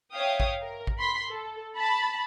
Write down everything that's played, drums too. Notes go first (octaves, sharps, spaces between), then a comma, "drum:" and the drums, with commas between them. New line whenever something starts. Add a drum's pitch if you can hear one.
C#5 E5 F5 G5 D#6
drum: kick A1
A#4
drum: kick A1
B5 C6 B6
A4
A5 B5